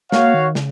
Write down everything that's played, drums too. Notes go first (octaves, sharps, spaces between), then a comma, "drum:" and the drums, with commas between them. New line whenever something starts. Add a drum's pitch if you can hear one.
A#3 F#4 C#5 F5, drum: snare
D#3
C#3, drum: snare